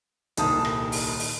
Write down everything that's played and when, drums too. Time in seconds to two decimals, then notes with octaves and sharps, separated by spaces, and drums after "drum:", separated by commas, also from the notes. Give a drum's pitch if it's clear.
0.37 D#1 C2 D#3 A5 D#6, drum: hi-hat
0.65 drum: rim click
0.92 drum: open hi-hat
1.19 drum: open hi-hat